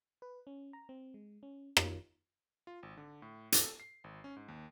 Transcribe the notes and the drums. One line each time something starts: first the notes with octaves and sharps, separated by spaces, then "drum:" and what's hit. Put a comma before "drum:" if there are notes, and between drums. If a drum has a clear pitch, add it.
B4
C#4
A#5
C4
G#3
C#4
F4, drum: rim click
F4
G#1
D3
A2
A4, drum: hi-hat
C7
G#1
C#4
G#2
D#2